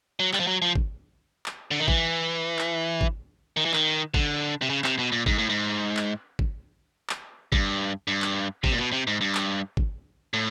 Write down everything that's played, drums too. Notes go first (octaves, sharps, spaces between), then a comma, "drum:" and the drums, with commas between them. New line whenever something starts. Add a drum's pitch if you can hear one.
F#3
G3, drum: clap
F3
F#3
F3
drum: kick G#1
drum: clap
D3
D#3
E3, drum: kick G#1
drum: clap
drum: kick G#1
D#3
E3
D#3, drum: clap
D3, drum: kick G#1
C3
C#3
C3, drum: clap
B2
A#2
G#2, drum: kick G#1
A2
G#2
drum: clap
drum: kick G#1
drum: clap
G2, drum: kick G#1
G2
drum: clap
C3, drum: kick G#1
A#2
B2
C3
G#2
G2
drum: clap
drum: kick G#1
A2